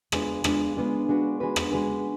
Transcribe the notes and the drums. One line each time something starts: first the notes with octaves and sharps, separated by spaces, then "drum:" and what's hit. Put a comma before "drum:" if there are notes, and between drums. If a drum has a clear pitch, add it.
G#3 B3 D4 F4, drum: rim click
G#3 B3 D4 F4, drum: rim click
G#3 B3 D4 F4
G#3 D4 F#4 B4
G#3 D4 F#4 B4
drum: rim click
G#3 D4 F#4 B4